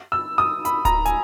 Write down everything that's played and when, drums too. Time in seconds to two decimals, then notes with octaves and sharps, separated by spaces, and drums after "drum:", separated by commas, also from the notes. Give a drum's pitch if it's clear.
0.12 E6
0.38 D#6
0.65 B5, drum: hi-hat
0.85 A#5, drum: kick D1, hi-hat
1.05 G#5, drum: hi-hat